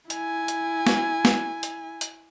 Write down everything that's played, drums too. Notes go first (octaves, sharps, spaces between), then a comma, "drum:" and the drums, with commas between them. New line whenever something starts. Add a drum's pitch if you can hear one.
E4 G#5, drum: hi-hat
drum: hi-hat
drum: snare
drum: snare
drum: hi-hat
drum: hi-hat